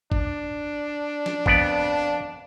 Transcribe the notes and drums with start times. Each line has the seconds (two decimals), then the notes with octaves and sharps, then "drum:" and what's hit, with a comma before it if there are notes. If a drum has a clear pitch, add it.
0.12 D4, drum: kick
1.26 drum: snare
1.46 F2 B3 D5, drum: kick